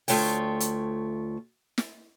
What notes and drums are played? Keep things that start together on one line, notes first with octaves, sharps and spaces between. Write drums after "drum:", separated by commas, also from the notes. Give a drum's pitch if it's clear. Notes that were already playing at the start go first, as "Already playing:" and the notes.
D2 C#3 A3 F4 C#5 G5, drum: open hi-hat
drum: hi-hat
drum: snare